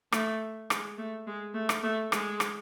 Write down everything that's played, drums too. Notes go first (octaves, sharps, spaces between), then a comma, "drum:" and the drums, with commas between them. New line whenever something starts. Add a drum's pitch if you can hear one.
A3, drum: rim click
G#3, drum: rim click
A3
G#3
A3
drum: rim click
A3
G#3, drum: rim click
drum: rim click